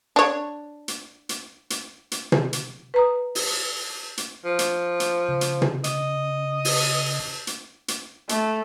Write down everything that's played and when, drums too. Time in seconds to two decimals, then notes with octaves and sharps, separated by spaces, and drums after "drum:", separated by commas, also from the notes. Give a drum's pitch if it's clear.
0.16 D4 C#5
0.88 drum: hi-hat
1.29 drum: hi-hat
1.70 drum: hi-hat
2.11 drum: hi-hat
2.32 drum: tom
2.53 drum: hi-hat
2.94 B4 A#5 D#6
3.35 drum: open hi-hat
4.17 drum: hi-hat
4.45 F3
4.59 drum: hi-hat
5.00 drum: hi-hat
5.29 C#3
5.41 drum: hi-hat
5.62 drum: tom
5.84 D#5, drum: hi-hat
6.65 drum: open hi-hat
7.47 drum: hi-hat
7.88 drum: hi-hat
8.29 A3, drum: hi-hat